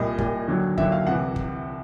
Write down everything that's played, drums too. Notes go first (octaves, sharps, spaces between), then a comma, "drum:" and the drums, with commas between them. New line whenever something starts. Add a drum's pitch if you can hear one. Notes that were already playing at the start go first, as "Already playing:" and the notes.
Already playing: C2 A#2 G3 D#5
C2 A#2 G3, drum: kick
D#2 D3 F#3
D#2 D3 F#3 E5, drum: kick
F5
C2 C3 E3 F#5
drum: kick